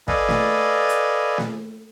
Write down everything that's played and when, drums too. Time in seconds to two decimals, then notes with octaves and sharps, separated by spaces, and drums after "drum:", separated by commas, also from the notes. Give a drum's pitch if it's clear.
0.08 A4 B4 D5 D#5 F5 G#5, drum: kick
0.28 drum: snare
0.89 drum: hi-hat
1.38 drum: snare